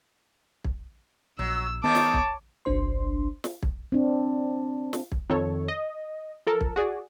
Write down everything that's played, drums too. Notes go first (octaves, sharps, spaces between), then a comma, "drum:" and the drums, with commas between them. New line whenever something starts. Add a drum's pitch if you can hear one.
drum: kick
A#1 F#3 E6
D#3 G#3 A#3 B3 C#5 A5 D6
drum: snare
drum: kick
G1 C2 D4 C5 C6
drum: snare
drum: kick
C4 D4
drum: snare
drum: kick
F2 D#3 A4 C#5
D#5
F3 A4 A#4
drum: kick
F#4 G#4 D5